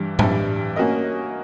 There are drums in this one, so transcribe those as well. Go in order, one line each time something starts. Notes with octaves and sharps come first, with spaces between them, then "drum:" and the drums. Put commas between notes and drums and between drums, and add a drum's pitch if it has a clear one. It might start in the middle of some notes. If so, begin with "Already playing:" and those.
Already playing: G2 E3 G3
G2 E3 G3, drum: tom A2
A#3 C#4 F#4 A#4 D#5